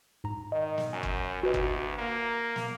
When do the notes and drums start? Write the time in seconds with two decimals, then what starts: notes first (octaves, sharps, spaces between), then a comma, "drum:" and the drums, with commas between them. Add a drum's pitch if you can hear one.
0.24 G#2 A#5
0.52 D#3 D#5
0.78 drum: snare
0.93 F#2 G#5
1.03 drum: kick
1.43 D2 F#4 B4 D#5
1.54 drum: kick
1.98 A#3
2.56 drum: snare